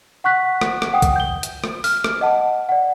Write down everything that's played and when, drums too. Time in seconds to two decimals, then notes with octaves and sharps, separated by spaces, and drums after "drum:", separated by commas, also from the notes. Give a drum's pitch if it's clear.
0.24 F#5 C#6 F#6 B6
0.61 drum: rim click
0.82 drum: rim click
0.93 F#5 G5 D#6
1.02 drum: kick B1, hi-hat
1.16 G6 G7
1.43 drum: hi-hat
1.64 drum: rim click
1.84 F6, drum: open hi-hat
2.04 drum: rim click
2.21 D#5 F#5 A5
2.69 D5 F#5